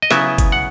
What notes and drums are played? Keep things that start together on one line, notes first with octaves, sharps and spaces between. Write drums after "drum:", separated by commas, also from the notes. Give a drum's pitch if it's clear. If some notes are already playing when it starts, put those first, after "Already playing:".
D#5
C#3 F#3 B3 E4 E5, drum: snare
drum: kick F#1, hi-hat
F#5